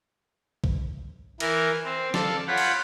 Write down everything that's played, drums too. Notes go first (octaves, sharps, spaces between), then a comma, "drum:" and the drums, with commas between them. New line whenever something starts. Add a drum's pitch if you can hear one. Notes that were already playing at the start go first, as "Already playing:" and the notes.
drum: kick
E3 A#4, drum: cymbal
C4
A4 D5 F5, drum: snare
F4 C#5 F#5 G5 B5
drum: cymbal